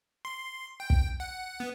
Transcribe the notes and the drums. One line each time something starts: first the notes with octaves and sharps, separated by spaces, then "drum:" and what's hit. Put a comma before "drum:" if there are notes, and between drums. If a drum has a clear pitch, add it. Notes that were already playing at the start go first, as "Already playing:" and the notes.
C6
G5
drum: kick
F#5
B3